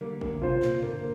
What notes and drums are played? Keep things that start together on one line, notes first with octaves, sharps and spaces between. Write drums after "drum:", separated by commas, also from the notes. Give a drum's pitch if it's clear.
D3 G3 A#3
D3, drum: kick G#1
C3 F4 C5
A#2, drum: clap
D3 A#3, drum: tom F#2